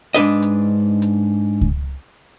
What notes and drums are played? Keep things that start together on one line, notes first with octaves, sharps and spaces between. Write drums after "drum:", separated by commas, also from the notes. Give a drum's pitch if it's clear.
G#2 D4 B4 D#5
drum: hi-hat
drum: hi-hat
drum: kick C#2